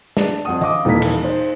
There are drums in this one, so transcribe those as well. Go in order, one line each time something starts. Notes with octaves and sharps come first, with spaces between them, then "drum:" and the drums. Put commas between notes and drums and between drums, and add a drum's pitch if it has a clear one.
D4, drum: snare
F2 F#5 D#6
D#5 F5 D6 D#6, drum: tom E3
D#1 E3 A#3 B6
drum: cymbal
D#4 C5